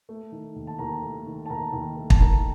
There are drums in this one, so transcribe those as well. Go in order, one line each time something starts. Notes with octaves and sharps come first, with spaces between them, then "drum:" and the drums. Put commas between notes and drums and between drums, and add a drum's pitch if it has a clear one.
A3
D#3
D#2
A5
D#2 A#4 A#5
A3
D#3
A5
D#2 A#4 A#5
D#2
A3
A5, drum: kick
D#3 A#4 A#5